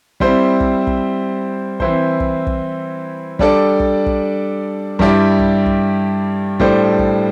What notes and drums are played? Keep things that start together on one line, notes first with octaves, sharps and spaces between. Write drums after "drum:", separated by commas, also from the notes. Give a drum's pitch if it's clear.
G3 C4 E4 C5, drum: kick
drum: kick
drum: kick
E3 C4 E4 C5, drum: kick
drum: kick
drum: kick
G3 D4 A4 D5, drum: kick
drum: kick
drum: kick
G2 G3 E4 G4 D5, drum: kick
drum: kick
drum: kick
A2 G3 D4 A4 C5, drum: kick
drum: kick